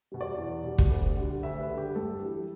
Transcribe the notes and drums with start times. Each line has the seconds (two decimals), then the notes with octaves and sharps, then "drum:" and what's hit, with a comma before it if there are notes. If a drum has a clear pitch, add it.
0.12 B2 G3
0.21 D5
0.38 E2
0.64 B2 G3
0.78 drum: kick
0.90 D2
1.17 D3 G3
1.43 D2 E5
1.60 B4
1.70 D3 G3
1.78 G4
1.95 G2 A4
2.22 E3 G3